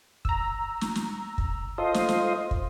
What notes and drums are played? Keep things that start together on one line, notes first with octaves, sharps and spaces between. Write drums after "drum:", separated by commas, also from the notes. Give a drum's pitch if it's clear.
A#5 E6, drum: kick
drum: snare
drum: snare
drum: kick
F4 A4 C5 D#5
drum: snare
drum: snare
drum: kick